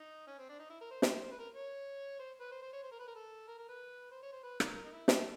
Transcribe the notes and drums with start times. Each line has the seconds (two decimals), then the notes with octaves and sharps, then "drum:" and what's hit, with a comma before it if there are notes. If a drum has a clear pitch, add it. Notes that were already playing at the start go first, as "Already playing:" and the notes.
Already playing: D#4
0.27 C#4
0.38 C4
0.49 D4
0.59 D#4
0.70 E4
0.81 A#4
0.91 C5
1.02 C5, drum: snare
1.12 C5
1.23 C5
1.31 B4
1.40 A#4
1.55 C#5
2.19 C5
2.41 B4
2.52 C5
2.62 C5
2.73 C#5
2.83 C5
2.91 A#4
2.99 B4
3.07 A#4
3.15 A4
3.48 A#4
3.58 A#4
3.69 B4
4.12 C5
4.22 C#5
4.33 C5
4.44 B4
4.60 A#4, drum: rim click
4.76 A#4
4.86 D#4
4.92 E4
5.08 D#4, drum: snare
5.19 A3